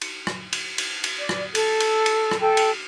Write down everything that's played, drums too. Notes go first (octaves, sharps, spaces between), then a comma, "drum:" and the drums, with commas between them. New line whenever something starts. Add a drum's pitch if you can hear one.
drum: cymbal
drum: rim click
drum: cymbal
drum: cymbal
drum: cymbal
D5
drum: rim click
A4, drum: cymbal
drum: cymbal
drum: cymbal
drum: rim click
A4 G5
drum: cymbal